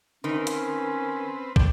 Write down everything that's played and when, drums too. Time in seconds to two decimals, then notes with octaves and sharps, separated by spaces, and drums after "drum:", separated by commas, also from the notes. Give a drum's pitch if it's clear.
0.24 D#3 C4 C#4 B4
0.47 drum: hi-hat
1.56 A3 D5 G5, drum: kick